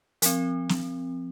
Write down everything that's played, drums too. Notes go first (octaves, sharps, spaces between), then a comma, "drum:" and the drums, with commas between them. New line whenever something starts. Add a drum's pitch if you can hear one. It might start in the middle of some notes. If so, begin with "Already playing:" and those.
F3 C4, drum: hi-hat
drum: snare